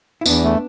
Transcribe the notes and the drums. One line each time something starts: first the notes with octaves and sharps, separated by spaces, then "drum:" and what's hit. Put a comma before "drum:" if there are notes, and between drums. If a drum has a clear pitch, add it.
E4
E2 B3 D4, drum: tambourine
A3